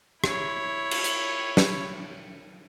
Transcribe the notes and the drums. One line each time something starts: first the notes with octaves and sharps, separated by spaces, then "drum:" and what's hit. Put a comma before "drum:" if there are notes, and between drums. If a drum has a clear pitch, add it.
E4 C#5, drum: rim click
drum: cymbal
drum: hi-hat
drum: snare